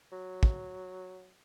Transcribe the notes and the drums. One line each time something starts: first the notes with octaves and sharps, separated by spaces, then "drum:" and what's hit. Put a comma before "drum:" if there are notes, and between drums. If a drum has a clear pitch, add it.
F#3
drum: kick